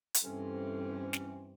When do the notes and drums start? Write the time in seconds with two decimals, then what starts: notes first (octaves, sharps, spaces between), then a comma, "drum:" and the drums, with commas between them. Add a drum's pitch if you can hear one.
0.14 drum: hi-hat
0.24 G2 C3 E3 C4 C#4 A4
1.13 drum: snare